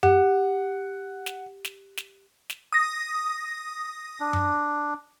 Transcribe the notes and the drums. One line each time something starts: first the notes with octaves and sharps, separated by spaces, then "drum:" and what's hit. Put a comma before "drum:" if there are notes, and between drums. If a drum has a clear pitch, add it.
G4 F#5, drum: tom F#2
drum: snare
drum: snare
drum: snare
drum: snare
D#6 A#6
D4
drum: tom F#2